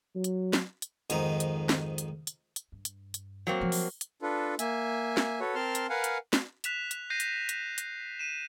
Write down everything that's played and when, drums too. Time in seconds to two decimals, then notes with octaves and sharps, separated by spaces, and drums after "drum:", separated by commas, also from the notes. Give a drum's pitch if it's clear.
0.15 F#3
0.24 drum: hi-hat
0.53 drum: snare
0.82 drum: hi-hat
1.10 F2 G#2 D#3 D#5 A#5, drum: hi-hat
1.40 drum: hi-hat
1.69 drum: snare
1.98 drum: hi-hat
2.27 drum: hi-hat
2.56 drum: hi-hat
2.72 G2
2.85 drum: hi-hat
3.14 drum: hi-hat
3.47 F#3 A#3 C4
3.61 F3 E4
3.72 drum: open hi-hat
4.01 drum: hi-hat
4.22 D4 F4 A4 B4
4.59 A#3 E5 G#5, drum: hi-hat
5.17 drum: snare
5.40 F#4 A4 B4 C#5
5.55 C4 A#4 A5 C6 F6
5.75 drum: hi-hat
5.89 A#4 B4 F5 F#5 G#5
6.04 drum: hi-hat
6.33 drum: snare
6.64 F#6 B6 E7 F7, drum: hi-hat
6.91 drum: hi-hat
7.10 G6 A#6 C7 D#7
7.20 drum: hi-hat
7.49 drum: hi-hat
7.78 drum: hi-hat
8.19 D#7 E7